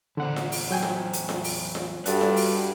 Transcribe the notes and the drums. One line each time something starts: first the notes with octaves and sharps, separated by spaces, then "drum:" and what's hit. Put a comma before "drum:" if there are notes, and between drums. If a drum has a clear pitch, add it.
D3 E3 B3 C5 F#5
drum: snare F4
drum: open hi-hat
F#3 G5 G#5
drum: snare F4
drum: hi-hat
drum: snare F4
drum: open hi-hat
drum: snare F4
G2 F#4 A4 B4 D5 F#5, drum: hi-hat
drum: snare F4
drum: open hi-hat